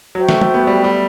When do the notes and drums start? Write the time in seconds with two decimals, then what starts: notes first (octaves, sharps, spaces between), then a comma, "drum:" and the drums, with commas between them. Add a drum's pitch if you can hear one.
0.15 F#3 F#4 C5 E5 G5
0.29 A3, drum: snare
0.41 A3, drum: tom F#3
0.54 B3
0.67 G3
0.84 G3